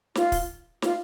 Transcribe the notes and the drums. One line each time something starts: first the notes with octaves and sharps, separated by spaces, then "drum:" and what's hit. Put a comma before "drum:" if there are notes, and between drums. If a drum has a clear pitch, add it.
F4, drum: snare
drum: kick, open hi-hat
F4, drum: snare